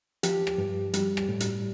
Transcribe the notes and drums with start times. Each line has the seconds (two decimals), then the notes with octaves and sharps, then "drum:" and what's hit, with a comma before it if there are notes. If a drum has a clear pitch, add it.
0.23 F3 G4, drum: hi-hat
0.47 drum: rim click
0.58 G2
0.94 G3, drum: hi-hat
1.17 drum: rim click
1.29 A2
1.40 drum: hi-hat